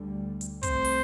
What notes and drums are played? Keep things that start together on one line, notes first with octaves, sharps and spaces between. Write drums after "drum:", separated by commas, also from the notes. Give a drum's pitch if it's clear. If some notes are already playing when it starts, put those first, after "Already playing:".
Already playing: D2 D3 G3
drum: hi-hat
C2 C3 A3 C4 C5, drum: kick, hi-hat
drum: open hi-hat